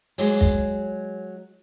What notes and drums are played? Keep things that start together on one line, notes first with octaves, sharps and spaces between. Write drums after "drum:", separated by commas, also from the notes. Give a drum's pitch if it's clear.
F#3 G#3, drum: open hi-hat
drum: kick